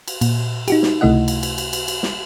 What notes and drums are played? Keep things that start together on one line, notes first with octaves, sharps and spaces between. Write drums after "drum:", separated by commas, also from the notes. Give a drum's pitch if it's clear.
drum: cymbal
A#2, drum: cymbal
D#4 F#4 G4, drum: cymbal
drum: snare
C#2 C3 A3 E4 D#5 F#5
drum: cymbal
drum: cymbal
drum: cymbal
drum: cymbal
drum: cymbal
drum: snare